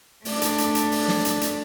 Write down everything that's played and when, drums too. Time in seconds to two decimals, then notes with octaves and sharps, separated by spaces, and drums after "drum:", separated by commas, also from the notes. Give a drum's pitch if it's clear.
0.25 A3 D4, drum: open hi-hat
0.42 drum: hi-hat
0.58 drum: hi-hat
0.75 drum: hi-hat
0.92 drum: open hi-hat
1.08 drum: snare
1.25 drum: hi-hat
1.41 drum: hi-hat